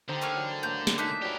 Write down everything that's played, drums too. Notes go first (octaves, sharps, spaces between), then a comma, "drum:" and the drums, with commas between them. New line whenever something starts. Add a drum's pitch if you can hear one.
D3 D#4 G4 C5 C6
A3 A#3 C#5
E3 F#3 E4
A2 A#3 A5 G6
drum: snare
D4 D#4 A4 E5 G#5 D6 F#6 B6
F3 F#3 G4 A#4 B4 D5